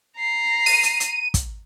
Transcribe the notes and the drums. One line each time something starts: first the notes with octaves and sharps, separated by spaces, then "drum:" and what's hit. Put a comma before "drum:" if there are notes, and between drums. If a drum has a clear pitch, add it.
A#5 C7
D#7, drum: open hi-hat
drum: hi-hat
drum: hi-hat
drum: kick, hi-hat